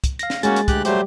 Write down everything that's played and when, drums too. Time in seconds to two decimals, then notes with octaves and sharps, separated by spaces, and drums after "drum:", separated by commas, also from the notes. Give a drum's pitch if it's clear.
0.04 drum: kick, hi-hat
0.19 F5 A#6, drum: hi-hat
0.30 drum: snare
0.43 G#3 A#3 C#4 F#4 A6, drum: hi-hat
0.56 drum: hi-hat
0.68 D2 G4 F#6, drum: kick, hi-hat
0.85 F#3 G3 A3 G4 C5, drum: hi-hat